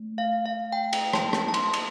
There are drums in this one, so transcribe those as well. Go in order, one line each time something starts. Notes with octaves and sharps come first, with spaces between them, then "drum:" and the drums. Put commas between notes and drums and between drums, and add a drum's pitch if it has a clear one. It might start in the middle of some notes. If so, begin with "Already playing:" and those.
Already playing: A3
F5
F5
G5
drum: cymbal
A5, drum: rim click
drum: rim click
A5
C6, drum: cymbal
drum: cymbal